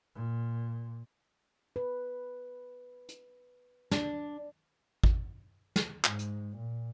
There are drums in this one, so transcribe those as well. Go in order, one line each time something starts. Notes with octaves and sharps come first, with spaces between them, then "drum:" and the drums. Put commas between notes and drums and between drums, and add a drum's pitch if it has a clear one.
A#2
B4
drum: hi-hat
D4, drum: snare
drum: kick G#1
drum: snare
G#2, drum: clap
drum: hi-hat
A#2